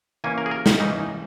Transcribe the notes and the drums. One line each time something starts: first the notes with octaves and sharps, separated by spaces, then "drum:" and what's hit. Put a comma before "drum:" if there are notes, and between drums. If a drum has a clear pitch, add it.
E3 A#3 C#4 G#5
A#4
G#4
A#4
D#4, drum: snare
E3 A#3 C#4 D#4
D#4